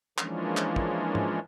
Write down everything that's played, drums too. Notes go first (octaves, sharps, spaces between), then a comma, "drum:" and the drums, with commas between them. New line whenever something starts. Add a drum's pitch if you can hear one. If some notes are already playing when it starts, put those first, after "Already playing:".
E3 F3 G#3 A#3 C#4 D4, drum: clap
drum: clap
drum: kick
drum: tom